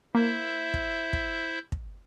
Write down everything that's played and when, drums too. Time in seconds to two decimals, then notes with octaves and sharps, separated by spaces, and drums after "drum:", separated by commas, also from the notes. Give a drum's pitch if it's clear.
0.15 A#3 E4 C5 E5
0.74 drum: kick
1.13 drum: kick
1.72 drum: kick